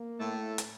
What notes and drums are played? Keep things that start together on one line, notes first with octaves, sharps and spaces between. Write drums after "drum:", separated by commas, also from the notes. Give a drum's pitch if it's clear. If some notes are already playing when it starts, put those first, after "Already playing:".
Already playing: A#3
A2 A3
drum: hi-hat